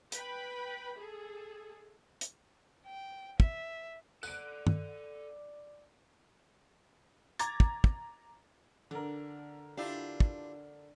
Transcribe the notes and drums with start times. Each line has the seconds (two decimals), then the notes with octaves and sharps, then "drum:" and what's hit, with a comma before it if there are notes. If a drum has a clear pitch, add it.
0.12 B4 G5 B5, drum: hi-hat
0.97 G#4 A4
2.21 drum: hi-hat
2.86 G5
3.40 E5, drum: kick
4.23 A4 D5 F#5 F#6 D7, drum: tambourine
4.67 drum: tom
7.39 A#5 D6 G#6 A6, drum: hi-hat
7.60 drum: kick
7.84 drum: kick
8.91 D3 D4 A#4
9.77 D4 E4 F4 G4
10.20 drum: kick